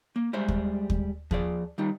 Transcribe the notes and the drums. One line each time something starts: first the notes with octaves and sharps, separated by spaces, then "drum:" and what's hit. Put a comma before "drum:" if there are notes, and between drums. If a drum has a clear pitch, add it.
A#3
G3 G#3 C5 E5
drum: kick
drum: kick
F3 G#4 D5, drum: kick
D#3 G3 D#4